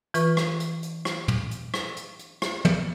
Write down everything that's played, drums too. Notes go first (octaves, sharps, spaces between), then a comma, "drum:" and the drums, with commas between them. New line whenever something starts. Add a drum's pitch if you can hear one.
E3 F4 B4 C#6, drum: hi-hat
drum: rim click
drum: hi-hat
drum: hi-hat
drum: rim click
drum: tom
drum: hi-hat
drum: rim click
drum: hi-hat
drum: hi-hat
drum: rim click
drum: tom